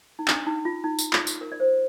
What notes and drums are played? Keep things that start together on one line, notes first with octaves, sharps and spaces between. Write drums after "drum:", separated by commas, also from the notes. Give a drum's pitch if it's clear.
D#4
D4, drum: clap
D#4
F4
D#4
drum: tambourine
F4, drum: clap
drum: tambourine
A#4
D5
C5